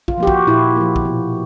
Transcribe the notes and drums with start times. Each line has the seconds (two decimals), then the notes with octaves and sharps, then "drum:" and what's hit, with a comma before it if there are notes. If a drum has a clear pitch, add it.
0.08 F4, drum: kick
0.18 F3 A#3 G4
0.27 F#4, drum: kick
0.47 A#2 E4
0.76 F3 A#3
0.96 drum: kick
1.05 B2